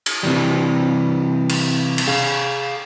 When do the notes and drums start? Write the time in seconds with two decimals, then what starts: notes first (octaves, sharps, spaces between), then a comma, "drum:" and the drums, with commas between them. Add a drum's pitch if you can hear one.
0.06 drum: cymbal
0.23 C3 E3 G3
1.49 drum: cymbal
1.98 drum: cymbal
2.08 G#4 F5